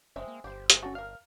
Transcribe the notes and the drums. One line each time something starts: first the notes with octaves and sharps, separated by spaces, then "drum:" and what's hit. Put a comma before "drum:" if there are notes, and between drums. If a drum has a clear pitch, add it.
F#1 G#3 C4 E5
A#3
G1 G4 C5
G#3 A3 C4, drum: hi-hat
C#4 F#4 A4
A#4 F5 F6